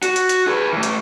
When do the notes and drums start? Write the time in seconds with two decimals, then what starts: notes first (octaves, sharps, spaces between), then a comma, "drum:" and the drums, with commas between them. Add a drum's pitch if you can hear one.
0.03 F#4, drum: hi-hat
0.16 drum: hi-hat
0.29 drum: hi-hat
0.47 G#4 B4
0.73 E3 A3
0.83 drum: hi-hat